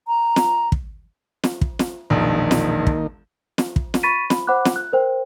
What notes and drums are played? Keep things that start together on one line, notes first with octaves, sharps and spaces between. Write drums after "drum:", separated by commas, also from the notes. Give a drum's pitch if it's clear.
A#5
drum: snare
drum: kick
drum: snare
drum: kick
drum: snare
E1 A#1 D#3 A#3 D#4
drum: snare
drum: kick
drum: snare
drum: kick
drum: snare
B5 C#6 A6 B6 D#7
B5, drum: snare
C5 F#5 B5 D6 F#6
drum: snare
F#6
A#4 C5 G5